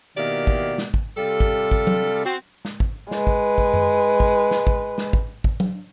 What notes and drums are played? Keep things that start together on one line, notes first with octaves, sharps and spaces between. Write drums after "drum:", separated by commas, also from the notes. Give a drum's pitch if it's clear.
B2 D#3 A#3 E4 G4 D5
drum: kick
drum: snare
drum: kick
C3 G3 F4 A4
drum: kick
drum: kick
drum: tom F#3
C4 F#4
drum: snare
drum: kick
G#3 B4, drum: snare
drum: kick
drum: kick
drum: tom F#2
drum: kick
drum: snare
drum: kick
drum: snare
drum: kick
drum: kick
drum: tom F#3